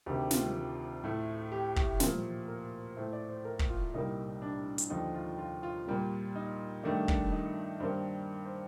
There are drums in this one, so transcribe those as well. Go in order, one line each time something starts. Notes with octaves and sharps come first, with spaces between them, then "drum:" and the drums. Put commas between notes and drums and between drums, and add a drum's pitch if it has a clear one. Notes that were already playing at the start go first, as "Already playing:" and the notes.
D2 C3 D#3 G4
F4, drum: snare
A2 A3
G4
G4, drum: kick
A#2 F3 A#3, drum: snare
A#4
A2 A3 C5
D5
C5
A#4
drum: kick
F4
C2 A#2 G3 A#3 D#4
D4
drum: hi-hat
D#2 D3 F3 D#4
F4
F4
F4
A#2 G3 A#3
D#4
G2 D#3 A3 D4
D4, drum: kick
D#4
G2 D#3 A#3 C5
C5